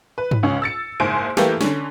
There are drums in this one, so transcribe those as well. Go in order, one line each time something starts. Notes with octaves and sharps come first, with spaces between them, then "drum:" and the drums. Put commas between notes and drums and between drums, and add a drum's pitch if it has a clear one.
B4
drum: tom G#2
C#2 C#4
E6 A6 C#7
F#1 G#2 C5 G#5 D7
E3 A3 A#3 G4 A4 B4, drum: snare
D3 C#4, drum: snare